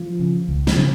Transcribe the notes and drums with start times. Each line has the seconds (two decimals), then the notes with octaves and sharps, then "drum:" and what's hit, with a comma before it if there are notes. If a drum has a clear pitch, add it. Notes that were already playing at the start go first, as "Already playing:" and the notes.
Already playing: F3
0.19 C#3
0.48 C#2
0.67 drum: snare
0.76 C#3